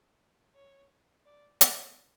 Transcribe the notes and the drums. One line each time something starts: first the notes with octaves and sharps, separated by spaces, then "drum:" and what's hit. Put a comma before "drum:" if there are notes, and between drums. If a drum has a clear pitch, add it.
C#5
D5
E5, drum: hi-hat